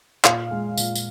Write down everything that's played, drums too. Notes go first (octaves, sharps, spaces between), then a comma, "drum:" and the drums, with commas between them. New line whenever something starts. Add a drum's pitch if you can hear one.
A#2 F5, drum: clap
G#3
A#2, drum: tambourine
drum: tambourine